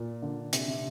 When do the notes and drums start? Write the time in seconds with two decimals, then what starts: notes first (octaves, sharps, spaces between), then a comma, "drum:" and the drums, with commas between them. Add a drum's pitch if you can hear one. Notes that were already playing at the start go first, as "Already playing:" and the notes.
Already playing: A#2
0.22 D3
0.53 C3, drum: hi-hat
0.68 C3